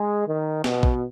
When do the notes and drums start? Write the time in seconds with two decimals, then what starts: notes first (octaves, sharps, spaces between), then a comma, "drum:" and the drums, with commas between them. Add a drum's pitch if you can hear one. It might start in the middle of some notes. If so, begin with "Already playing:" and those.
Already playing: G#3
0.27 D#3
0.64 B2, drum: snare
0.83 drum: kick A#1